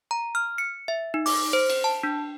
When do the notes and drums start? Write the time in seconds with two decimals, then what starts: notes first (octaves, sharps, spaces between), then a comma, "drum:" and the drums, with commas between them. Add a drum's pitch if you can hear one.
0.11 A#5
0.35 F6
0.58 C#7
0.88 E5
1.14 D#4
1.26 D6, drum: open hi-hat
1.53 C5
1.70 drum: cymbal
1.84 A5
2.03 D4